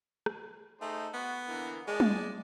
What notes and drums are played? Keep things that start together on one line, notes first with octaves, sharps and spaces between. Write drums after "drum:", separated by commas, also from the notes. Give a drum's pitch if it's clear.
drum: rim click
A3 D#4 G#4 C5
B3 F#4
D3 E3 A#3
G#3 G#4 D5 A5
drum: tom